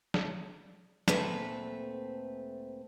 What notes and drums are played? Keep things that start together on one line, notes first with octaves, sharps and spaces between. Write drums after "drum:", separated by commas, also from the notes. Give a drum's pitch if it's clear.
drum: snare
D2 A#2 A3 C4 B4 E5, drum: snare